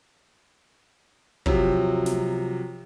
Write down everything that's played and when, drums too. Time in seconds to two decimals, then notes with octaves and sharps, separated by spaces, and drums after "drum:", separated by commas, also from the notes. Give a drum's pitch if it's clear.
1.46 C3 F3 F#3, drum: kick
2.06 drum: snare